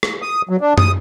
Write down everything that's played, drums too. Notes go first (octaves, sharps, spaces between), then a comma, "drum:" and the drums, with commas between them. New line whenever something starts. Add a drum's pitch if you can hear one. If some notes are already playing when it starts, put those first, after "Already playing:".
drum: rim click
D#6
F#3
D4
D#6, drum: tom